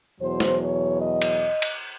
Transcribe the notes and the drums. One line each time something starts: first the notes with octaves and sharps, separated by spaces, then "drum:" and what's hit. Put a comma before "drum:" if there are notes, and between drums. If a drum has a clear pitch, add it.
E2 B2 F#3 C5
drum: snare
C#5
D#5
drum: cymbal
drum: cymbal